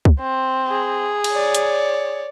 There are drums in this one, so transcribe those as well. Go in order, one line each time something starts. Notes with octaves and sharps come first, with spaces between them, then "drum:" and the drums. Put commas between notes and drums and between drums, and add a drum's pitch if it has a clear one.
drum: kick
C4
G#4
drum: cymbal
C#5 D5
drum: hi-hat